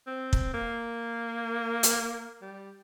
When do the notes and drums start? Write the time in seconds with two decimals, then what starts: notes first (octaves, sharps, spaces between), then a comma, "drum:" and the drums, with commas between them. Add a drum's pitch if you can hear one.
0.07 C4
0.33 drum: kick
0.54 A#3
1.83 drum: hi-hat
2.42 G3